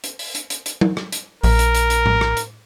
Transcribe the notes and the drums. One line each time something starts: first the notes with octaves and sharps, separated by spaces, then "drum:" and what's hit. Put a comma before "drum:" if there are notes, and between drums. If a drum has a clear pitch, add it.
drum: hi-hat
drum: open hi-hat
drum: hi-hat
drum: hi-hat
drum: hi-hat
drum: tom F#3
drum: rim click
drum: hi-hat
A#1 A#4, drum: open hi-hat
drum: hi-hat
drum: hi-hat
drum: hi-hat
drum: tom A2
drum: rim click
drum: hi-hat